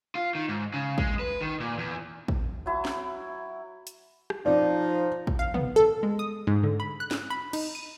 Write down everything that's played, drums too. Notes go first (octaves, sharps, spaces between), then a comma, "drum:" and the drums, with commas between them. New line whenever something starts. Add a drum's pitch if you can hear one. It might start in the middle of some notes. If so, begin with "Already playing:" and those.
F4
D#3
G#2
C#3
G#3, drum: kick
B4
D#3
A#2
E2
drum: kick
F#3 E4
drum: snare
drum: hi-hat
drum: rim click
F3 D#4 D5
drum: kick
F5
B3, drum: tom
A4
G#3
D#6
G#2
D3
B5
F#6
drum: snare
B5
D#4, drum: cymbal
D#7